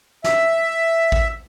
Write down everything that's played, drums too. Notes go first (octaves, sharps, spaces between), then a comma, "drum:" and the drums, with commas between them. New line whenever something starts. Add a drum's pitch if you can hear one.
E5, drum: snare
drum: kick A1